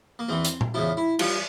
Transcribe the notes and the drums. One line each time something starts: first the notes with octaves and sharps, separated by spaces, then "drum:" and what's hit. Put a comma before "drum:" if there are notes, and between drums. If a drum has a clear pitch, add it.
A#3
E2 E3 C4
drum: hi-hat
drum: tom A#2
E2 C#3 F3 E4
E4
G2 F3 F4, drum: cymbal